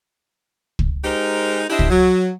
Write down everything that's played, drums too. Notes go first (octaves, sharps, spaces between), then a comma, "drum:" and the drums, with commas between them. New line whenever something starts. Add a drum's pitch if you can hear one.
drum: kick
G#3 D#4 G4 A#4 C5
D4 E4 G4 C5 D#5 E5
drum: kick
F#3